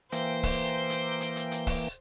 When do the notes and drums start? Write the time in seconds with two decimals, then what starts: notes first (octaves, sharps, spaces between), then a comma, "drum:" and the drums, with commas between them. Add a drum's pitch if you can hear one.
0.13 E3 A#3 C5 G5, drum: hi-hat
0.43 drum: kick, open hi-hat
0.90 drum: hi-hat
1.21 drum: hi-hat
1.36 drum: hi-hat
1.51 drum: hi-hat
1.67 drum: kick, open hi-hat